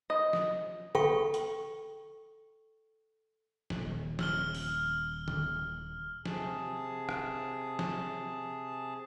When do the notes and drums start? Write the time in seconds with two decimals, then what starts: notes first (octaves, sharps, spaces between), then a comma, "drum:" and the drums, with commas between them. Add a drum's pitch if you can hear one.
0.10 D#5
0.33 drum: snare
0.95 A4 G5 C#6, drum: tom D3
1.34 drum: hi-hat
3.70 D#1, drum: snare
4.19 E6 F6 G7, drum: snare
4.55 drum: open hi-hat
5.28 drum: tom D3
6.26 C3 G#4 A5, drum: snare
7.09 drum: rim click
7.79 drum: snare